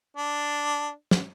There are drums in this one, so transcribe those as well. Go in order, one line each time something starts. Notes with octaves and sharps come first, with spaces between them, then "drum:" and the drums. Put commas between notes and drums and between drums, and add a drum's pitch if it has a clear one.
D4
drum: snare